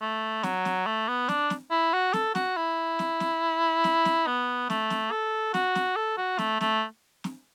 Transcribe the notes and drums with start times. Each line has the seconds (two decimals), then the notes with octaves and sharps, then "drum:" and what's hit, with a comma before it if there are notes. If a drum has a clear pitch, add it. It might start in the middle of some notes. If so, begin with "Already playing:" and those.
0.01 A3
0.43 F#3, drum: snare
0.65 drum: snare
0.86 A3
1.08 B3
1.29 D4, drum: snare
1.50 drum: snare
1.71 E4
1.93 F#4
2.13 A4, drum: snare
2.35 F#4, drum: snare
2.57 E4
2.99 drum: snare
3.20 drum: snare
3.84 drum: snare
4.05 drum: snare
4.27 B3
4.70 A3, drum: snare
4.90 drum: snare
5.11 A4
5.54 F#4, drum: snare
5.75 drum: snare
5.96 A4
6.17 F#4
6.38 A3, drum: snare
6.61 A3, drum: snare
7.24 drum: snare